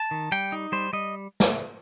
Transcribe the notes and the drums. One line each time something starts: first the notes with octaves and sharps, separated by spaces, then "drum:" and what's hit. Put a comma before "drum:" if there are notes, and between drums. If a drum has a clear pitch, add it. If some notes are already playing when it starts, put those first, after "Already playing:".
Already playing: A5
D#3
G3 G5
D#4
G3 C5
G3 D#5
drum: snare